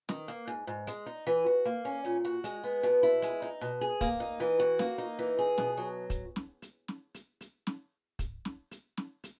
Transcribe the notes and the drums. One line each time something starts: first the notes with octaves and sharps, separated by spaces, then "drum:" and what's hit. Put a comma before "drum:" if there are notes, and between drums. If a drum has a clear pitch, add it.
D#3, drum: snare
A#3
G#2
G#2
G#3, drum: hi-hat
D#4
E3
F#4
A#3
C#4
A#2
F#4
G#3, drum: hi-hat
B3
B2
E4
G#3, drum: hi-hat
D#4
B2
G#4
A#3, drum: kick, hi-hat
D#4
E3
F#4
A#3, drum: snare
D#4
E3
G#4
B2, drum: snare
F#3
drum: kick, hi-hat
drum: snare
drum: hi-hat
drum: snare
drum: hi-hat
drum: hi-hat
drum: snare
drum: kick, hi-hat
drum: snare
drum: hi-hat
drum: snare
drum: hi-hat